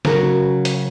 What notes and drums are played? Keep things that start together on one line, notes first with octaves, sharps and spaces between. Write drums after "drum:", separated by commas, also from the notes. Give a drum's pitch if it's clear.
C#3 F#3 C#4 F#4 A#4, drum: snare
drum: hi-hat